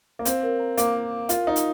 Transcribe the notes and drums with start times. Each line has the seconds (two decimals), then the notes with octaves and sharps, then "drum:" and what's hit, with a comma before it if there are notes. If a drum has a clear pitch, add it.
0.19 A#3
0.25 C4 F5, drum: hi-hat
0.43 A#4
0.59 A#5
0.78 A#3 D6, drum: hi-hat
0.95 F5
1.13 A#4
1.29 F4 A#4, drum: hi-hat
1.46 D#4 F4
1.56 drum: hi-hat